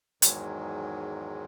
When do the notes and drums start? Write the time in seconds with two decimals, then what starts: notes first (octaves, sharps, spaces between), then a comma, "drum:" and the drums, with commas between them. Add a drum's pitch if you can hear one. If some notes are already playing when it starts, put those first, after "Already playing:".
0.22 E2 G#2 D#3 F#3 G#3, drum: hi-hat